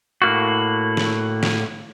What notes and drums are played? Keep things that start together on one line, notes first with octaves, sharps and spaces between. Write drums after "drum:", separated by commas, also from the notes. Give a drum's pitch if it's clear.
A2 A#3 F#4
drum: snare
drum: snare